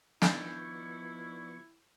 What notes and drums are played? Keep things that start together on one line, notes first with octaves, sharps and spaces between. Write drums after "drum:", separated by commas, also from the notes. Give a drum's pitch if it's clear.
D#3 F3 B3 D4 E4 C#6 G6 A6, drum: snare